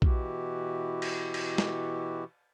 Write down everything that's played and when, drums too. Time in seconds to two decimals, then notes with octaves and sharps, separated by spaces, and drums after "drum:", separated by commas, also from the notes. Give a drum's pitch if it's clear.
0.02 B2 E3 E4 F#4 G4, drum: kick
1.02 drum: cymbal
1.34 drum: cymbal
1.58 drum: snare